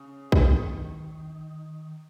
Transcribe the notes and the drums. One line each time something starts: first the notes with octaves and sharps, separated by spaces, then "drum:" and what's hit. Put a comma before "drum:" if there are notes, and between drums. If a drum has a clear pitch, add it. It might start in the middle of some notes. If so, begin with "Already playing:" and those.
Already playing: C#3
D#3, drum: kick A#1